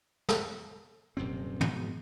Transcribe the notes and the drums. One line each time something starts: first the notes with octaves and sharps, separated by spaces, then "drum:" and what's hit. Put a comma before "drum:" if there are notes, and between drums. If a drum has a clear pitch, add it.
drum: snare
D#1 F#2 C3 C4
G#2 B2 D#3 F3, drum: tom